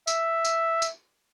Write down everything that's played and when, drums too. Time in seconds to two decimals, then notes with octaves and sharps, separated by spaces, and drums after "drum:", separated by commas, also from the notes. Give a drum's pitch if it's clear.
0.07 E5, drum: tambourine
0.45 drum: tambourine
0.82 drum: tambourine